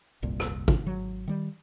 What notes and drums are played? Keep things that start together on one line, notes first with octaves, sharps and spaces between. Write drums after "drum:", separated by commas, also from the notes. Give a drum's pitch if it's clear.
F1 C2 G2 A#2
drum: rim click
drum: kick
G#1 F#3
D#3 G3